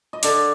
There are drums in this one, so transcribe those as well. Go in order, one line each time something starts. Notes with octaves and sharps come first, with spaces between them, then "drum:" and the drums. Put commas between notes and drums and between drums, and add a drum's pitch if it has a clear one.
D#5
D3 D5, drum: hi-hat